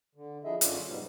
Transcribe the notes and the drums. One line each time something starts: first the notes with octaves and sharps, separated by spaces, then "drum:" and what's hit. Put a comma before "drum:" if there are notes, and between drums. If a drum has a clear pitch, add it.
D3
F3 D4 E4 G#4 D#5 E5
F#2 D3 C#4 F4 D5, drum: hi-hat
G#2 B2 F#3 G3